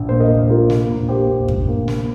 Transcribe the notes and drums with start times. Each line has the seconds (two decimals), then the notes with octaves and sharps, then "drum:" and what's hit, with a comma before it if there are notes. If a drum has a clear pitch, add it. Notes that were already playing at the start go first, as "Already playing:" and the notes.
Already playing: A#1
0.09 A#3 C5
0.20 A#4 D#5
0.30 A#1
0.50 A#3 F4 A#4
0.70 A#3, drum: snare
0.90 A#1
1.09 A#3 G4 C5
1.29 A#1
1.48 A#1, drum: kick F#2
1.68 A#3
1.88 A#3, drum: snare